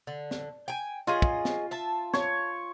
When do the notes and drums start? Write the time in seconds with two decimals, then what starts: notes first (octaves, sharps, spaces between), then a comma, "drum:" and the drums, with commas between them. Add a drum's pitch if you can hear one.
0.07 D3
0.31 drum: snare
0.68 G5 G#5
1.07 C#4 F4 G#4 D#5
1.22 drum: kick
1.45 drum: snare
1.71 E5 A5
2.14 C#5, drum: snare